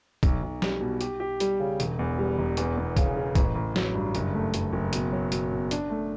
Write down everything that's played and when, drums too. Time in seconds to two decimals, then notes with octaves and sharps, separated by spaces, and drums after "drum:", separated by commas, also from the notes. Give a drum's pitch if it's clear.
0.23 B1, drum: kick, hi-hat
0.43 B1
0.62 G3, drum: snare
0.81 B2
1.01 G4, drum: hi-hat
1.20 G4
1.40 G3, drum: hi-hat
1.60 C#3
1.80 E1, drum: hi-hat
1.99 E2
2.18 G3
2.39 E1
2.57 E2, drum: hi-hat
2.77 E2
2.97 C#3, drum: kick, hi-hat
3.16 C#3
3.35 A1, drum: kick, hi-hat
3.55 A1
3.76 F#3, drum: snare
3.94 G2
4.15 F#1, drum: hi-hat
4.34 A3
4.54 F#1, drum: hi-hat
4.73 F#1
4.93 B2, drum: hi-hat
5.12 F#3
5.32 B2, drum: hi-hat
5.52 B2
5.71 D4, drum: hi-hat
5.90 A3